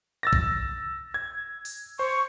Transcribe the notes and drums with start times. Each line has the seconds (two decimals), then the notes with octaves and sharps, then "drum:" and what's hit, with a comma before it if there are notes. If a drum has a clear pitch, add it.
0.23 E6 A6 A#6
0.33 drum: kick A#1
1.14 G#6
1.65 drum: open hi-hat
1.99 C5 C#6